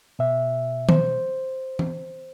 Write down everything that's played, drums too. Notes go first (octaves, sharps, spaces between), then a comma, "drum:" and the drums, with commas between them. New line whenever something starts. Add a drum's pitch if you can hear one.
B2 E5
C5, drum: tom D#3
drum: tom E3